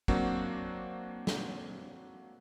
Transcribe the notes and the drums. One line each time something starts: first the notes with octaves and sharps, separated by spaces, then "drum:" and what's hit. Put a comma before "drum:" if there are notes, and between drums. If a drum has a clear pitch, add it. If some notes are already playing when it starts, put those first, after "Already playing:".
F#3 A#3 C4 D4 F#4, drum: kick
drum: snare